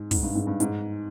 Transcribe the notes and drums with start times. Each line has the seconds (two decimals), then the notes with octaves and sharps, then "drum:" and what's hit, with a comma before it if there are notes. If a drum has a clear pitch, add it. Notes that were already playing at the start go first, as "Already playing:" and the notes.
Already playing: G#2
0.11 G#2, drum: kick, open hi-hat
0.23 G2
0.35 G#2
0.47 G2
0.60 G#2, drum: hi-hat